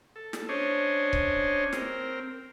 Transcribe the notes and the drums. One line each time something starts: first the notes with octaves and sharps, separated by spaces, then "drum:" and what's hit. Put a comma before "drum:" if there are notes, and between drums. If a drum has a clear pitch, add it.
A4
drum: snare
C#4 D4 C5 C#5 D#5
drum: kick C#1
C4 A#4, drum: snare